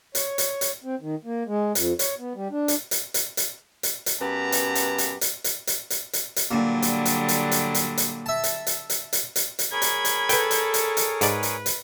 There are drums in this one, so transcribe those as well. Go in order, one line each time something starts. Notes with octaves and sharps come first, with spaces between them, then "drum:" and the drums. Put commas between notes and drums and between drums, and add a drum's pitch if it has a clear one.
C#5, drum: hi-hat
drum: hi-hat
drum: hi-hat
C4
D#3
A#3
G#3
F2, drum: hi-hat
C#5, drum: hi-hat
B3
G3
D4
drum: hi-hat
drum: hi-hat
drum: hi-hat
drum: hi-hat
drum: hi-hat
drum: hi-hat
F#2 B3 G4 B4 A5 A#5
drum: hi-hat
drum: hi-hat
drum: hi-hat
drum: hi-hat
drum: hi-hat
drum: hi-hat
drum: hi-hat
drum: hi-hat
drum: hi-hat
A#2 D3 F#3 G3
drum: hi-hat
drum: hi-hat
drum: hi-hat
drum: hi-hat
drum: hi-hat
drum: hi-hat
E5 A5
drum: hi-hat
drum: hi-hat
drum: hi-hat
drum: hi-hat
drum: hi-hat
drum: hi-hat
G#4 A#4 C#5 B5 G#6
drum: hi-hat
drum: hi-hat
A4 B4 G5, drum: hi-hat
drum: hi-hat
drum: hi-hat
drum: hi-hat
G#2 B4 D5, drum: hi-hat
drum: hi-hat
drum: hi-hat